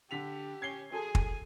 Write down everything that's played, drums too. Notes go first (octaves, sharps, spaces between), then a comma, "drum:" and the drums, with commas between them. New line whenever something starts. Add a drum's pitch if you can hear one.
D3 G4 B6 F7
C#4 G#6 C7 G7
F#4 G#4 A4 G#5 A5
drum: kick